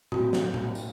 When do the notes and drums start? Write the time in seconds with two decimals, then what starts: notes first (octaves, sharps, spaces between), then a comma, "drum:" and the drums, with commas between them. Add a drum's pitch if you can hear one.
0.12 F#4, drum: tom A2
0.33 drum: snare
0.54 drum: tom A2
0.75 drum: tambourine